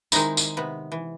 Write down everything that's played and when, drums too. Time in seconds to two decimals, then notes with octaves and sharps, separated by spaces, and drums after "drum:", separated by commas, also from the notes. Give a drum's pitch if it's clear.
0.12 D#3 G#3 C4 D#4 E4, drum: tambourine
0.37 drum: tambourine
0.57 C3 B3
0.92 E3